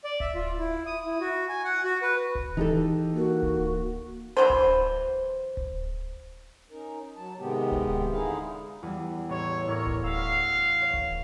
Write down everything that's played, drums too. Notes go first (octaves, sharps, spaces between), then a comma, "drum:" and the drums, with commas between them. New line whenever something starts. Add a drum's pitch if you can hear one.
D5
E5, drum: kick D1
F4
E4
D#6
E4
F#4
G#5
F#5
F#4
B4
drum: kick D1
E3 D#4 G4 A4
A#3 F#4
drum: kick D1
E3 F#3 D4 C5
drum: kick D1
drum: kick D1
C#4 D#4 A#4
F#3 A5
G#2 C3 D#3 G#3 B3 G4
drum: kick D1
D3 G#3 D#4 E4 G#4 F5
E2 G3
A1 C#5
A2 D4 E4 A#4 C#5
drum: kick D1
F#4 F5 E6 B6
C#5
drum: kick D1